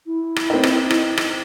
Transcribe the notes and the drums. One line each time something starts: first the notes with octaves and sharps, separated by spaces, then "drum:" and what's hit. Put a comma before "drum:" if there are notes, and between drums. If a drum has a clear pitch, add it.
E4
drum: rim click
C4 D#4
drum: rim click
drum: rim click
drum: rim click